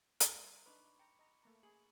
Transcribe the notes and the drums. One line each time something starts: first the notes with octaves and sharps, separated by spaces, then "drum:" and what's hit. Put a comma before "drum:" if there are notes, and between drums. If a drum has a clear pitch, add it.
G3 G5 A#5 C6 F#7, drum: hi-hat
D4 D#4 B4 B5 C#6 D6
G5 A#5 C#7
D#5 A#5
A3 A#3 A#5
G#4 F#7